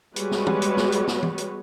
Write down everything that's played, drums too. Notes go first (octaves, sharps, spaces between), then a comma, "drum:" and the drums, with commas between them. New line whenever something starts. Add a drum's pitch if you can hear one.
G3 G#3 B3 F#4 B4 C#5, drum: hi-hat
drum: snare
drum: tom
drum: hi-hat
drum: snare
drum: hi-hat
drum: snare
drum: tom E3
drum: hi-hat